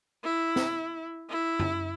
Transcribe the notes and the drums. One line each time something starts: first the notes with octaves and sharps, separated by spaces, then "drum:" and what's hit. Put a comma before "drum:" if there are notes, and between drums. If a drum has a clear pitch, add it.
E4
drum: snare
E4
drum: tom F#2